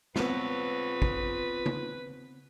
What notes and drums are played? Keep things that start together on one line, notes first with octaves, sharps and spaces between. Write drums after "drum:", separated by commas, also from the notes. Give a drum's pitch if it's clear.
B3 C4 F4 B4 C#5, drum: snare
drum: kick
drum: tom C#3